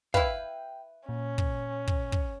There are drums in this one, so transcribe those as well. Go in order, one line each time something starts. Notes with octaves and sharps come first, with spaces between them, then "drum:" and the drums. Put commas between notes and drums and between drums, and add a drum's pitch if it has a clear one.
E4 B4 F5 G5, drum: kick
A#2 C#4
drum: kick
drum: kick
drum: kick